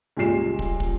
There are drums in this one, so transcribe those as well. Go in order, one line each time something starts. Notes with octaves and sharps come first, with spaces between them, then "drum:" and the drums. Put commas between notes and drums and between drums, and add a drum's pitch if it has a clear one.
C#2 A#2 G3 C7 E7
drum: kick
drum: kick